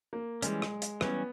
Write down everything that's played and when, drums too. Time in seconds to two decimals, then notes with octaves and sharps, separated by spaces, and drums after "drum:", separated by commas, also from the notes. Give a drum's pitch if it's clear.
0.13 A#3
0.42 E3 G3 G#3 C#4, drum: hi-hat
0.62 drum: rim click
0.82 drum: hi-hat
1.01 E3 G3 B3 C#4, drum: rim click